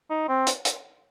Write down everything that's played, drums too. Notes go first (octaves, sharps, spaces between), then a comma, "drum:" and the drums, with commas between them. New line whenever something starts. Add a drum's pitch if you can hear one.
D#4
C4
drum: hi-hat
drum: hi-hat